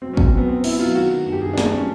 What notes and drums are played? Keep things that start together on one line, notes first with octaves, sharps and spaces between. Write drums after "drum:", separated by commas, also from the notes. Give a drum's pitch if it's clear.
F#3 C4
C#4
B2, drum: kick
C4
F#3 B3
B2 C4
B2 E4, drum: cymbal
F#3 F4
D#3 F#4
D#3
G2
G4
G2 G#4
D4
G2, drum: snare
D4
F#3 C#4